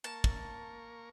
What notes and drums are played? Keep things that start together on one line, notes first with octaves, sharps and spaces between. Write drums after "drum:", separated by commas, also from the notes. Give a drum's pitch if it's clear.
A#3 A#4 A5 C#6
drum: kick